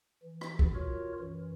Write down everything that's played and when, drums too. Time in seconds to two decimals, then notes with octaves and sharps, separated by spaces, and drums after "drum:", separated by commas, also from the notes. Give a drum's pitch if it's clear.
0.23 E3
0.41 drum: rim click
0.59 drum: kick
0.75 F4 F#4 A#4 C#5
1.20 F#2 E3